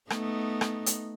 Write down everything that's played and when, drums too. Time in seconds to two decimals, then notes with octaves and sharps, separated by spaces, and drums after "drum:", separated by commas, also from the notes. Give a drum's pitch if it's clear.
0.10 A3 B3 D#4, drum: rim click
0.61 drum: rim click
0.86 drum: hi-hat